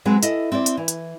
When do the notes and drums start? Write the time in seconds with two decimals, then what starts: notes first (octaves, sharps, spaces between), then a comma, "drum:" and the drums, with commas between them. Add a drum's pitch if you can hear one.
0.05 F#3 G#3 C4 B4
0.23 E4 A4 D#5, drum: hi-hat
0.52 C4 E4 C5 D5
0.66 drum: hi-hat
0.77 E3
0.88 drum: hi-hat